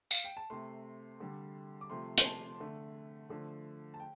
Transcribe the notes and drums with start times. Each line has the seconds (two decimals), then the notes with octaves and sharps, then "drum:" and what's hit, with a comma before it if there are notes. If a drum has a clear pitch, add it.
0.11 F5, drum: tambourine
0.24 G5
0.37 A5
0.50 C3 A3 C6
1.20 D3 G3
1.81 D6
1.90 C3 F3 A3 C6
2.18 C6, drum: hi-hat
2.26 A5
2.60 D3 A3
3.30 D3 F3 A3
3.94 A5
4.00 G5